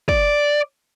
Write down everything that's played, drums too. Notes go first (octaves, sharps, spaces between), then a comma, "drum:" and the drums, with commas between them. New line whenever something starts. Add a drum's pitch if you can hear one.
D5, drum: kick